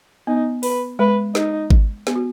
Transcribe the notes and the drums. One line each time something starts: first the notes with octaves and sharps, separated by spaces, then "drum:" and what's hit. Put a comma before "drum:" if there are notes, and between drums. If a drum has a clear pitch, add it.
B3 D#4
B4, drum: open hi-hat
G#3 B4
D#4, drum: snare
drum: kick G#1
B3, drum: snare
F#4